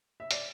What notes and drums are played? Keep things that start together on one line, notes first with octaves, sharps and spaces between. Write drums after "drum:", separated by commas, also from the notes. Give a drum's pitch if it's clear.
E5
D5, drum: hi-hat